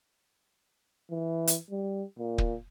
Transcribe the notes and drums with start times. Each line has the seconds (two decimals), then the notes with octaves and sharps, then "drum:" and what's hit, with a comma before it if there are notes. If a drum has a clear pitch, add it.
1.11 E3
1.47 drum: hi-hat
1.70 G3
2.19 A#2
2.38 drum: kick